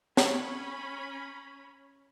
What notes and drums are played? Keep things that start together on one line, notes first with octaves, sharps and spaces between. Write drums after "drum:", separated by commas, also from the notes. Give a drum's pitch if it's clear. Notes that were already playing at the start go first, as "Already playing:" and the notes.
C#4 B5, drum: snare